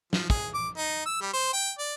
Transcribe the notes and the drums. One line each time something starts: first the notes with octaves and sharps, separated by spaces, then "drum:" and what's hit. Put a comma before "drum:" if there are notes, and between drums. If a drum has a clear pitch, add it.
F3, drum: snare
G#4, drum: kick
D6
D#4
E6
G3
C5
G5
D5